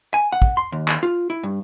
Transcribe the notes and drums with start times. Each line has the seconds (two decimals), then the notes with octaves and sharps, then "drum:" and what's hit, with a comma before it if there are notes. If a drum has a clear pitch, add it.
0.14 G#5
0.32 F#5
0.42 drum: kick
0.57 C6
0.72 D#2
0.88 drum: clap
1.03 F4
1.30 E4
1.43 G2